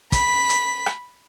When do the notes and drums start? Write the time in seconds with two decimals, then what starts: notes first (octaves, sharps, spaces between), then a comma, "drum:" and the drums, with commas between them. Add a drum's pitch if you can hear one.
0.12 B5 B6, drum: kick, hi-hat
0.49 drum: hi-hat
0.86 drum: rim click